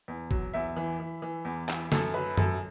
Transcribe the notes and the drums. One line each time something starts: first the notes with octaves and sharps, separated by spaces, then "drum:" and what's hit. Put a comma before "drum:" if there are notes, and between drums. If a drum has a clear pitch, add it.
E2
F#3, drum: kick G1
E2 E5
E3
E3
E3
E2
E3, drum: clap
F#2 A4, drum: snare
F#3 B4
F#2 A4, drum: tom F#2